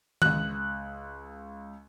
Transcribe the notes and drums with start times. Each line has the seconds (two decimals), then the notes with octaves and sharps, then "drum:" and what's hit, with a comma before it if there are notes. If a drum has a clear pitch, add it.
0.22 C#2 F#6, drum: tom D#3